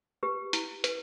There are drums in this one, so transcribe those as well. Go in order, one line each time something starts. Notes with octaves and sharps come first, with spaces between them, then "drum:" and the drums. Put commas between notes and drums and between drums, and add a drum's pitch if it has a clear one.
G4 B4
E4, drum: hi-hat
B4, drum: hi-hat